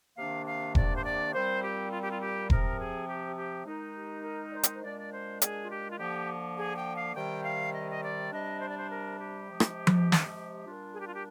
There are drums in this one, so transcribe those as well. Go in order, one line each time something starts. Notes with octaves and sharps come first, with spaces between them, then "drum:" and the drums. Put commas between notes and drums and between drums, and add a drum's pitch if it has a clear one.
C3 D#3 A#3 D4 F5
F5
D5, drum: kick E1
C5
D5
A#2 G3 C4 C5
G4
F4
G4
F4
G4
C3 F3 C4 A#4, drum: kick E1
G#4
G4
G4
D#3 G#3 D#4
G4
A#4
D5
C5
drum: hi-hat
C5
A#2 G#3 D4 D5
D5
C5
G#4, drum: hi-hat
F4
G4
F4
D3 F3 A#3 G4
G#4
G5
F5
C3 D#3 G3 G5
F5
D#5
D#5
D5
C3 G3 D4 D#5
C5
D5
C5
A#4
G4
C3 F3 G#3
drum: rim click
drum: tom F3
drum: snare
A#2 G3 D4 F4
G#4
G4
F4
G4